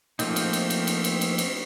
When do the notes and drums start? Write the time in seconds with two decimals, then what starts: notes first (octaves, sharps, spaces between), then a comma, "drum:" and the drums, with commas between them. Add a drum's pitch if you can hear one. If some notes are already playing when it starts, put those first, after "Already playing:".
0.19 F3 A3 A#3 C4 D#4, drum: cymbal
0.36 drum: cymbal
0.53 drum: cymbal
0.70 drum: cymbal
0.87 drum: cymbal
1.04 drum: cymbal
1.21 drum: cymbal
1.38 drum: cymbal